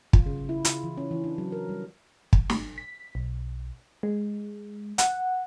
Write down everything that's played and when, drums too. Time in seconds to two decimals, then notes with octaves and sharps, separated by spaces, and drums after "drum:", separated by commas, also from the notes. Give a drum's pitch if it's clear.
0.13 F4, drum: kick
0.26 C#3
0.49 E4
0.65 F4, drum: hi-hat
0.84 E3
0.97 C#4
1.11 E3
1.24 D4
1.38 F#3
1.52 A#4
1.69 G3
2.33 drum: kick
2.50 drum: snare
2.78 B6
3.15 B1
4.03 G#3
4.98 F#5, drum: hi-hat